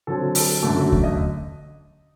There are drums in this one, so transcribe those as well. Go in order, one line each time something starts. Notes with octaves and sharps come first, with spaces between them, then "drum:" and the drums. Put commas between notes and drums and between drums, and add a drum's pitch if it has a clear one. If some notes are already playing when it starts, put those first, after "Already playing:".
D3 F#3 C4 A4
A4, drum: open hi-hat
F#2 D3 A3 A4
F#4
drum: kick D#2
D#5